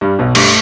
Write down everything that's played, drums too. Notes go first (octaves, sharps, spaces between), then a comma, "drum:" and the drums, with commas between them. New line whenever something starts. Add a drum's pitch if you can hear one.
G2 G3
B1 B2
G2 A3, drum: cymbal